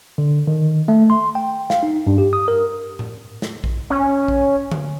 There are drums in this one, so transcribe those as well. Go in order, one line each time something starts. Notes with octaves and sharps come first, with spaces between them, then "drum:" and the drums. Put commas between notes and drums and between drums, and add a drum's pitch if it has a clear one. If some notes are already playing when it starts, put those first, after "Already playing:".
D3
D#3
A3
C6
G5
F5, drum: snare
D#4
G2
G4
D#6
A#4
drum: tom A2
drum: snare
drum: kick A#1
C#4
drum: kick A#1
drum: tom D3